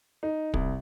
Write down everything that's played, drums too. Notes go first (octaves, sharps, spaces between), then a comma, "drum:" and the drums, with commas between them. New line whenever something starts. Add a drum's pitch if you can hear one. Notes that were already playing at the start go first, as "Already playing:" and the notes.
D#4
C2, drum: kick